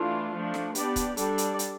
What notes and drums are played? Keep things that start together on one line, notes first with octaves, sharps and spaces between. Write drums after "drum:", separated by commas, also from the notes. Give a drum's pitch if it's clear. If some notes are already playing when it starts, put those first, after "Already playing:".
Already playing: E3 A3 D4 F4
F3 A3 D4
drum: snare
B3 D4 G4 D5, drum: hi-hat
drum: kick, hi-hat
G3 D4 A4 D5, drum: hi-hat
drum: hi-hat
drum: hi-hat